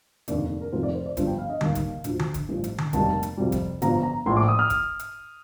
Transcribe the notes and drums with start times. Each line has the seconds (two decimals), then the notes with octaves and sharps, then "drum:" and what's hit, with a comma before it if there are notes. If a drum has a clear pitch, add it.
0.28 F1 D#2 D3 D5, drum: hi-hat
0.61 A#4
0.72 F1 F2 D#3 C5
0.83 D5
0.94 C5
1.06 D5
1.17 G1 G2 F3 C5, drum: kick E1, hi-hat
1.27 G5
1.38 F5
1.49 D#5
1.61 D#2 D#3 G3 F5, drum: tom D3
1.75 drum: kick E1, hi-hat
2.04 D2 D3 F3, drum: hi-hat
2.19 drum: tom D3
2.34 drum: kick E1, hi-hat
2.49 A1 G2 F3
2.64 drum: hi-hat
2.78 drum: tom D3
2.93 F1 D#2 D#3 G3 A5, drum: kick E1, hi-hat
3.23 drum: hi-hat
3.37 F2 C3 G3
3.52 drum: kick E1, hi-hat
3.82 G1 G2 F3 A#5, drum: hi-hat
4.03 A#5
4.26 A#1 A2 F3 C6
4.37 D6
4.48 D#6
4.59 F6
4.70 drum: kick E1, hi-hat
4.99 drum: hi-hat